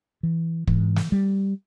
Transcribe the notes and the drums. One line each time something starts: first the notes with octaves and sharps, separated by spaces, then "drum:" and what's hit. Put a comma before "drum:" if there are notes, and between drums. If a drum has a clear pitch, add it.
E3
G#2 E3, drum: kick
drum: snare
G3